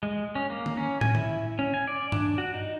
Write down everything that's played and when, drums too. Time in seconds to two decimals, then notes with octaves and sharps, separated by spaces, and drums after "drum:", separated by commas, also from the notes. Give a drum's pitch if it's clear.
0.03 G#3
0.35 C#4
0.50 A#3
0.66 drum: tom D3
0.77 C#4
1.01 G#5, drum: tom
1.15 E4, drum: tom D3
1.59 C#4
1.74 G#5
1.88 D5
2.12 D4, drum: tom G2
2.38 F#4
2.54 D#4